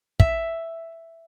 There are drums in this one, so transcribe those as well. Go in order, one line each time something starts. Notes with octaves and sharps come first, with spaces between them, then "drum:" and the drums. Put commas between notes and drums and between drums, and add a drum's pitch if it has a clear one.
E5, drum: kick